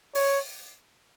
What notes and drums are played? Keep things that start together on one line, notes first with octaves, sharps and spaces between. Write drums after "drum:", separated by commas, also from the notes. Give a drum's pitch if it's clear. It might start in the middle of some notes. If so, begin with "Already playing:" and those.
C#5, drum: open hi-hat